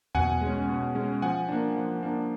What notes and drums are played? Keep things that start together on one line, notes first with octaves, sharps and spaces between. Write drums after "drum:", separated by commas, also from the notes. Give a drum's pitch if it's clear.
B2 F#5 G#5, drum: tom E2
G#3 C#4
B2
G#3 C#4
F3 F#5 G#5
A#3 D4
F3
A#3 D4